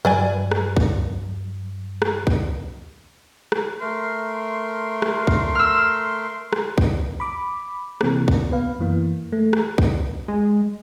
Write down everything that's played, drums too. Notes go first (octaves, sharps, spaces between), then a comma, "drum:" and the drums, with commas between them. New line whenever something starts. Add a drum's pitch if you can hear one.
G2 F#3 B4 D5 G#5
drum: rim click
drum: kick
drum: rim click
drum: kick
drum: rim click
A3 A#4 C6
drum: rim click
drum: kick
E6 F6
drum: rim click
drum: kick
B5 D6
C3 E3 A#3 C4, drum: rim click
drum: kick
B3 B4 F5
F#2 E3 A#3
A3
drum: rim click
drum: kick
G#3